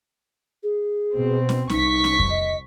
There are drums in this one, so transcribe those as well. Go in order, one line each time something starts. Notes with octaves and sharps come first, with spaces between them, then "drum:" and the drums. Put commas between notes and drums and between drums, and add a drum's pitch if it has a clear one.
G#4
B2 C4
drum: snare
C2 D#4 C#6 B6, drum: snare
drum: snare
drum: kick F2
D#5